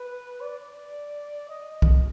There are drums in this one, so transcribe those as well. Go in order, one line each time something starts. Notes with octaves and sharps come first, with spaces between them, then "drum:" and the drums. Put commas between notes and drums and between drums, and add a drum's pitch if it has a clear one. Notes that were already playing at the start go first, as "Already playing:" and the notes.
Already playing: B4
D5
D#5
drum: kick C2